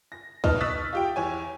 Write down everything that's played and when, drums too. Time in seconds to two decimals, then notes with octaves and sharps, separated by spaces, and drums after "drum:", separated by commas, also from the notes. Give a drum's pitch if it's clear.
0.12 A#6
0.44 B2 D#4 D#5 A5 F6, drum: kick
0.61 C#6 D#6 E6 F#6 A6 B6
0.93 F4 G4 G5
1.16 E2 C#5 G#5